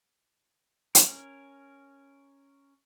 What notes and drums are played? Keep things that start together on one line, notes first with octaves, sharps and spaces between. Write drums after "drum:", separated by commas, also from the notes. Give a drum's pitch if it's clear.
C#4 A#4, drum: hi-hat